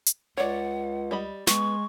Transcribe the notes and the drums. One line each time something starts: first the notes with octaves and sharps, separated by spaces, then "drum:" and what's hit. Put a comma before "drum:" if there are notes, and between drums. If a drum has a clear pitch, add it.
drum: hi-hat
C#2 C#5 D5 F#5
G3 D#5 B5
G#3 B3 C#6, drum: snare